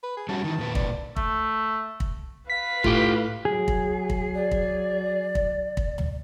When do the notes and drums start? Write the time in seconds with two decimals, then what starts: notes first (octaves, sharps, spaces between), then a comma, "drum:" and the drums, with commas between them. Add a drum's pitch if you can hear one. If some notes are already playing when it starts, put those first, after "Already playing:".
0.03 B4
0.17 G#4
0.29 G3 C#4 F#4 A5
0.44 D#3 E3
0.59 E2 A#2 B4
0.75 D5, drum: kick
1.16 A3, drum: kick
2.00 drum: kick
2.50 B4 F5 B6
2.84 A2 F4 G4, drum: kick
3.45 F#3 G#4
3.68 drum: kick
4.10 drum: kick
4.35 D5
4.51 drum: kick
5.35 drum: kick
5.77 drum: kick
5.98 drum: tom